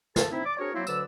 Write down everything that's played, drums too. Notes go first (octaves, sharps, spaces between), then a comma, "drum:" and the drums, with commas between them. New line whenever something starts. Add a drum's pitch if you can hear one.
A4 A5, drum: snare
C4 D#4 E4
D5 D6
C4 D4 F#4 G#4 A#4 C#5
F#3 A#3 C4 E4
D2 D3 F#3 B4 D5 E6, drum: tambourine